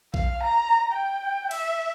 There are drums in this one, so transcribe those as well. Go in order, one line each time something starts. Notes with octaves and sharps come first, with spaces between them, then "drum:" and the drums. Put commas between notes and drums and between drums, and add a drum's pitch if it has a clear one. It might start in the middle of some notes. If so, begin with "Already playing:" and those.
F5, drum: kick A#1
A#5
G5
E5, drum: cymbal